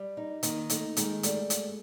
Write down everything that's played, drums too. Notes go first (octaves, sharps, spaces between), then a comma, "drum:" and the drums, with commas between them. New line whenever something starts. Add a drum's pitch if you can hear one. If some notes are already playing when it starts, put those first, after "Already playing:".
Already playing: G3
D#4
D#3 A#3, drum: hi-hat
A3 D#4, drum: hi-hat
D#3 G#3, drum: hi-hat
G3 A3, drum: hi-hat
drum: hi-hat